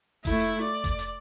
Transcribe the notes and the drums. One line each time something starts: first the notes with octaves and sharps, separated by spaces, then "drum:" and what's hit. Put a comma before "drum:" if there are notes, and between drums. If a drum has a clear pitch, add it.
A3 E4, drum: kick F1, hi-hat
drum: hi-hat
D5
drum: kick F1, hi-hat
drum: hi-hat